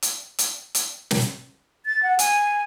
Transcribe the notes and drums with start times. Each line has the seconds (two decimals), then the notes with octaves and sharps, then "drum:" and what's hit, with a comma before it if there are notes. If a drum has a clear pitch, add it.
0.02 drum: hi-hat
0.39 drum: hi-hat
0.75 drum: hi-hat
1.11 drum: snare
1.86 A6
2.03 F#5
2.19 G#5, drum: hi-hat